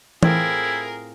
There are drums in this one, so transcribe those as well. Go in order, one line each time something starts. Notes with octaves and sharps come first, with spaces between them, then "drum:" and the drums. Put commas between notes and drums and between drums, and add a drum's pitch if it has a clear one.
A2 C4 E4 F4 G#4 A#4, drum: tom E3